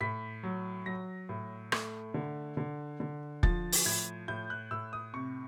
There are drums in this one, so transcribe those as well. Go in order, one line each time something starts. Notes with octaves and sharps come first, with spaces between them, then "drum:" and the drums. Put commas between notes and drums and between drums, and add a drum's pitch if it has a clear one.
A2 B6
F#3
F#3 A#6
A2
A3, drum: rim click
D3
D3
D3
F3 A6, drum: kick
drum: open hi-hat
A2 G#6
A2 G6
F#6
A2 E6
D#6
C3 C#6